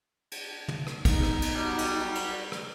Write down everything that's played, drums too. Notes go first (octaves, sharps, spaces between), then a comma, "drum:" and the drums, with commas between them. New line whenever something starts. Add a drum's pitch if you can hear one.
drum: cymbal
drum: tom
drum: rim click
B3 D#4, drum: kick, cymbal
drum: rim click
drum: cymbal
F#3 G3
drum: cymbal
drum: cymbal
drum: rim click